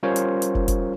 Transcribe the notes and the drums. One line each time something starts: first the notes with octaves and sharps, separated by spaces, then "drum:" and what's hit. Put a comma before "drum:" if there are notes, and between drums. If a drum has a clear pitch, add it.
G3 C#4 F4 A#4 C5 C#5
drum: hi-hat
drum: hi-hat
drum: kick
drum: kick, hi-hat